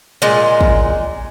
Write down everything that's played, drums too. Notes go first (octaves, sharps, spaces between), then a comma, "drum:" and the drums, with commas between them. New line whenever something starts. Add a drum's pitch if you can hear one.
A#2 G#3
drum: kick